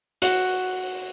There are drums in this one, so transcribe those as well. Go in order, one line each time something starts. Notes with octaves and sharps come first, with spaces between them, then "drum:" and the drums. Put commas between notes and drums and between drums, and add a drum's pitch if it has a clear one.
F#4, drum: hi-hat